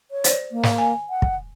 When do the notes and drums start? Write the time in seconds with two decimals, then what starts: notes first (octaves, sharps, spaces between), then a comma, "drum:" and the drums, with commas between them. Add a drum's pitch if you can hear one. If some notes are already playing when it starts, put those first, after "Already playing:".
0.11 C#5
0.24 C5 D5, drum: hi-hat
0.52 A#3
0.63 drum: snare
0.78 G#5
1.10 F#5
1.22 drum: kick